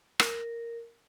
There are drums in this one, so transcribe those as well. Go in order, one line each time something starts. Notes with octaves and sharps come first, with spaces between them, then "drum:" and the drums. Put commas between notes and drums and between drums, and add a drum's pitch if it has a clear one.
A#4, drum: rim click